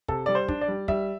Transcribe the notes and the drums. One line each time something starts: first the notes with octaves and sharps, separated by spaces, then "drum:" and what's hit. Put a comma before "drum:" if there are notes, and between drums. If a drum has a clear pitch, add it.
C3 A4, drum: kick
G3 D5
C5
D4, drum: kick
D5
G3
G3 E5, drum: kick